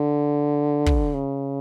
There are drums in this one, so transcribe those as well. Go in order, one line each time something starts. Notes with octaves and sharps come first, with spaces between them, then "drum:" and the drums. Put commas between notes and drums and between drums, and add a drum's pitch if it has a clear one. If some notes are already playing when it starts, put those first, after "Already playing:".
Already playing: D3
drum: kick
C#3